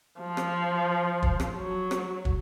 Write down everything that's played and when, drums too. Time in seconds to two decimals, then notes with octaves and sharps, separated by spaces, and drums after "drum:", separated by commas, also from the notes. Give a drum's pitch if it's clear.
0.20 F3
0.37 drum: rim click
1.23 drum: kick
1.40 drum: rim click
1.57 F#3
1.91 drum: rim click
2.25 drum: kick